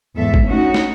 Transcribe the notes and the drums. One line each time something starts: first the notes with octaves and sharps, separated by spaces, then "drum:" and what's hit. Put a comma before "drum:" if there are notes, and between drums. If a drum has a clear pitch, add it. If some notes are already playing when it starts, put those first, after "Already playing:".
E2 G#2 A4 E5
drum: kick G#1
D2 C#4 D#4 F#4
drum: snare